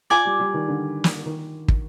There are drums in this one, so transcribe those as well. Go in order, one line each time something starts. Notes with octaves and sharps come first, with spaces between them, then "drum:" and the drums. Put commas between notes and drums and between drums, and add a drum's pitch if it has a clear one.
F4 D5 G#5 D6
G3
G3
D#3
D3
drum: snare
D#3
drum: kick